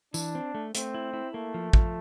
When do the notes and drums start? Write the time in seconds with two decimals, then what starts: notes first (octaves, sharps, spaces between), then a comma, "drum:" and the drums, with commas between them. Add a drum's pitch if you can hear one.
0.14 E3 D4, drum: tambourine
0.35 C4
0.55 A3
0.75 A3 C4, drum: hi-hat
0.94 E4
1.13 E4
1.34 A3 A#3
1.54 F3
1.73 F3, drum: kick